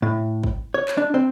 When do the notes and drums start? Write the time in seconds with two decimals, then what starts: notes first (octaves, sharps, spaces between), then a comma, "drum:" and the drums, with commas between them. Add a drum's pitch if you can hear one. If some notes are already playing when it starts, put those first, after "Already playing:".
0.02 A2
0.43 drum: kick
0.74 C#5
0.88 drum: clap
0.97 D4
1.14 C4